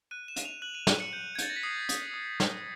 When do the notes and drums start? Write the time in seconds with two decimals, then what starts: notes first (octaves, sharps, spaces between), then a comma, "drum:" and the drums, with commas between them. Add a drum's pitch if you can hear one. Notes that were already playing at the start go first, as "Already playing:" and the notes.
0.11 F#6 D#7
0.28 E7
0.36 F#6, drum: hi-hat
0.45 F7
0.62 F#6 F#7
0.75 D#7
0.87 F#6 D#7, drum: snare
1.00 C#7
1.13 G6
1.35 G#6
1.39 G6 A6, drum: hi-hat
1.50 A#6
1.56 B6
1.63 D#6 C7
1.89 D#6, drum: hi-hat
2.14 D#6
2.40 D#6, drum: snare